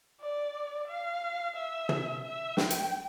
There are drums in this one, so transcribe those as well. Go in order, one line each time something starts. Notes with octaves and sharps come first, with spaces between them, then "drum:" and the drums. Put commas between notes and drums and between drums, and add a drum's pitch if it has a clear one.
D5
F5
E5
drum: tom
E5
G5, drum: snare
drum: hi-hat